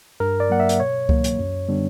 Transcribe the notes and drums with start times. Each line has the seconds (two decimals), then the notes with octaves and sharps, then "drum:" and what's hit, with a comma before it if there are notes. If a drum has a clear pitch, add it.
0.20 G2 A#4
0.40 D5
0.50 F#3 A#3 F#5
0.60 E5
0.69 drum: hi-hat
0.79 B2 C#5
1.09 F#3 A#3, drum: kick C#2
1.24 drum: hi-hat
1.39 F#2
1.69 D3 G3 B3 D4